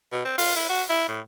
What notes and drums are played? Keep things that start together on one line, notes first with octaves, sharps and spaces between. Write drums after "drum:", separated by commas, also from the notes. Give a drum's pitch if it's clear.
B2
C4
F4, drum: open hi-hat
E4
F#4
E4
A2